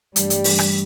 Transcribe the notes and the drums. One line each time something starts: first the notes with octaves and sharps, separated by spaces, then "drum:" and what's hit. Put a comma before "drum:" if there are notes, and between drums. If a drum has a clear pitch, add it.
G2 E3 G3 A3 D4, drum: hi-hat
drum: hi-hat
G2 E3 A3 D4, drum: open hi-hat
drum: rim click